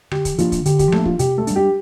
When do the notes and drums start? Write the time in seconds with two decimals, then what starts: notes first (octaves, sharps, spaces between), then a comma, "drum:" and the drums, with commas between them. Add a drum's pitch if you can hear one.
0.11 D3 G4, drum: rim click
0.25 drum: kick, hi-hat
0.38 F3 A#3 D4 F4, drum: hi-hat
0.52 drum: kick, hi-hat
0.65 D3 G4, drum: hi-hat
0.79 G4, drum: kick, hi-hat
0.92 F3 A3 A#3 D4 A4, drum: rim click
1.05 F4, drum: kick
1.19 C3 G4, drum: hi-hat
1.37 A3 A4
1.47 G3 D4, drum: hi-hat
1.56 G4